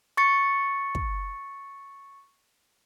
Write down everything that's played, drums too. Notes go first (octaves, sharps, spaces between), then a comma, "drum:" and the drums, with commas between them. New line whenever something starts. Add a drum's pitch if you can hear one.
C#6 A6 C#7
drum: kick